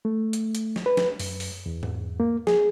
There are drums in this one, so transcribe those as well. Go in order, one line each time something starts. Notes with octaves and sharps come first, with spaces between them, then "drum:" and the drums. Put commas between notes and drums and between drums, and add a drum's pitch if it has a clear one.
A3
drum: hi-hat
drum: hi-hat
drum: snare
B4
drum: snare
F#2, drum: open hi-hat
drum: open hi-hat
E2
drum: tom G#2
A#3
G#4, drum: snare